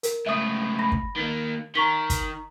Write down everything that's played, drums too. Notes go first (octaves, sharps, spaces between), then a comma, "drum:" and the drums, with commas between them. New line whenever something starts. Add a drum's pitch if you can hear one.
A#4, drum: hi-hat
C#2 A2 E5 D#6
B5 A#6
drum: kick
D#3 A#3
D#3 A#5 C#6 B6
drum: kick, hi-hat